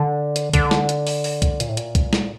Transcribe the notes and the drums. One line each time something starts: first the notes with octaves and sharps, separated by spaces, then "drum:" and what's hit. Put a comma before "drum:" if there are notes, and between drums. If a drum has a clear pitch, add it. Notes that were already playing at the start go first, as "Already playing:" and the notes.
Already playing: D3
drum: hi-hat
D3, drum: kick, hi-hat
drum: snare
drum: hi-hat
drum: open hi-hat
drum: open hi-hat
drum: kick, hi-hat
A#2, drum: hi-hat
A2
A#2, drum: hi-hat
drum: kick, hi-hat
drum: snare